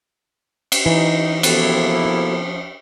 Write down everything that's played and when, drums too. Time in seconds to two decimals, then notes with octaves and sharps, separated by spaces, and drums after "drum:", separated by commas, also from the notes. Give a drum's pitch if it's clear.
0.72 drum: cymbal
0.86 E3 D#4
1.43 C3 F3 A#3 B3 E4 F#4 A4, drum: cymbal